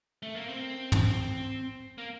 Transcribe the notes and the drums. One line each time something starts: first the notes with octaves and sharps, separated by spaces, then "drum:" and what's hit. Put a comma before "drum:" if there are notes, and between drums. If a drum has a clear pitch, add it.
A3
A#3
C4
drum: tom
A#3